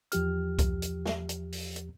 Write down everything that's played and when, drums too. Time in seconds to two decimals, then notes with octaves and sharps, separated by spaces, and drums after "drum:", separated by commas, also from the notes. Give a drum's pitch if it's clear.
0.12 E2 F3 G4 F6, drum: hi-hat
0.59 drum: kick C2, hi-hat
0.82 drum: hi-hat
1.06 drum: snare
1.29 drum: hi-hat
1.52 drum: open hi-hat
1.76 drum: hi-hat